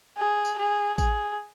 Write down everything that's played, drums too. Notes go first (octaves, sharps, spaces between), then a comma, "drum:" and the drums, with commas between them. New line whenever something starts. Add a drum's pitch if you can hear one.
G#4
drum: tambourine
G#4
G#4, drum: kick A1, tambourine